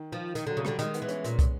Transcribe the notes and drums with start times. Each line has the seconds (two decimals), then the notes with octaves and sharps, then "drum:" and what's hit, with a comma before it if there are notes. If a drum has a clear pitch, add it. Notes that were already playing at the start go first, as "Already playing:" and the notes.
Already playing: D#3
0.12 F3
0.35 D#3, drum: hi-hat
0.47 D3 F#3
0.57 C#3
0.65 D3 G3, drum: rim click
0.79 D#3 G#3, drum: hi-hat
0.94 B3, drum: hi-hat
1.02 E3
1.08 C#4, drum: hi-hat
1.25 A#2, drum: hi-hat
1.39 drum: kick, hi-hat